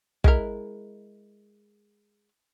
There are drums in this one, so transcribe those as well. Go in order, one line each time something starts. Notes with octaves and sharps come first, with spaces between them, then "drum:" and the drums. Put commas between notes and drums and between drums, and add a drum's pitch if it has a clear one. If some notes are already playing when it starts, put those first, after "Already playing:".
G#3 E4 A#4, drum: kick